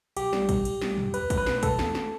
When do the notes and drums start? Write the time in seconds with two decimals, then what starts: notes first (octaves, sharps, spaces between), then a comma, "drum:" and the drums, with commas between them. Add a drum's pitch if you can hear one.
0.17 B1 G4, drum: cymbal
0.33 G3, drum: snare
0.49 B2, drum: kick, cymbal
0.65 B1, drum: cymbal
0.82 G3, drum: snare
0.97 B1, drum: tom
1.14 E2 B4, drum: cymbal
1.30 E2, drum: kick, cymbal
1.37 B4
1.46 B2, drum: snare
1.58 B4
1.63 B2 A4, drum: kick, cymbal
1.79 E2, drum: snare
1.95 drum: snare